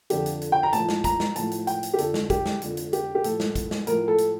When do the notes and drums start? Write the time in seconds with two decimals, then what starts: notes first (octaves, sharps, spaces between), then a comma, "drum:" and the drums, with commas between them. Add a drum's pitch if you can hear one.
0.10 F2 D3 F3 G4, drum: hi-hat
0.26 drum: hi-hat
0.41 drum: hi-hat
0.52 G5
0.63 A#5
0.73 A2 F3 A5, drum: hi-hat
0.89 drum: snare
1.04 A#5, drum: kick, hi-hat
1.20 drum: snare
1.36 A2 F3 A5, drum: hi-hat
1.51 drum: hi-hat
1.67 G5, drum: hi-hat
1.83 drum: hi-hat
1.94 G4
1.98 F2 D3 F3 A4, drum: hi-hat
2.14 drum: snare
2.30 G4, drum: kick, hi-hat
2.46 drum: snare
2.62 F2 D3 F3, drum: hi-hat
2.77 drum: hi-hat
2.93 G4, drum: hi-hat
3.15 G4
3.24 A2 F3 A4, drum: hi-hat
3.40 drum: snare
3.55 drum: kick, hi-hat
3.71 drum: snare
3.87 A2 F3 A#4, drum: hi-hat
4.08 A4
4.18 drum: hi-hat